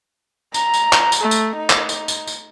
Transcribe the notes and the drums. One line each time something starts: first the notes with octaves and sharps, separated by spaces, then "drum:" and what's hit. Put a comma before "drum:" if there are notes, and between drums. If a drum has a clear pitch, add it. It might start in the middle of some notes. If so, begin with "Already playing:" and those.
A#5, drum: tambourine
drum: tambourine
drum: clap
drum: tambourine
A3
drum: tambourine
D#4
drum: clap
drum: tambourine
drum: tambourine
drum: tambourine